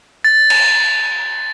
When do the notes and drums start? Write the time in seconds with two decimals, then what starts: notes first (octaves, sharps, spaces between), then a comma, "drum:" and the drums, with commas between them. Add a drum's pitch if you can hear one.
0.24 A6
0.50 drum: cymbal